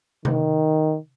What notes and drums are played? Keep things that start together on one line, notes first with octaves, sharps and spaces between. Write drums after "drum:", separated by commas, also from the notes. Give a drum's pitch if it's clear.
D#3, drum: tom C3